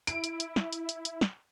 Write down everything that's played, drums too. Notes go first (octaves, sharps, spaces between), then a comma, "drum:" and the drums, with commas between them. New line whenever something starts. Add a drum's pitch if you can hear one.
E4 D7, drum: hi-hat
drum: hi-hat
drum: hi-hat
drum: snare
drum: hi-hat
drum: hi-hat
drum: hi-hat
drum: snare